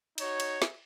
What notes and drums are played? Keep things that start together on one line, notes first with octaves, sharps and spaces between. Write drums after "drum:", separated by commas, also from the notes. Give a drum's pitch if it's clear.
D#4 F#4 C#5, drum: cymbal
drum: cymbal
drum: snare